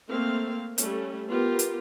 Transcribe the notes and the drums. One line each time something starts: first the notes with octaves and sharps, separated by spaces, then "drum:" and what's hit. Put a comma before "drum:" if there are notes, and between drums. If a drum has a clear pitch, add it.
A3 A#3 C4 F5
G3 A3 C#4, drum: hi-hat
B3 F4 G4 A#4
drum: hi-hat